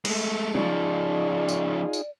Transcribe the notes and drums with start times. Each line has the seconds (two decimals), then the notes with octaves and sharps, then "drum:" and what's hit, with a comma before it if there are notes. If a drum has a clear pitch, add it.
0.05 G#3 A3, drum: cymbal
0.54 C#3 F3 D#4 F4 G#4 D5, drum: tom
1.48 drum: tambourine
1.93 drum: tambourine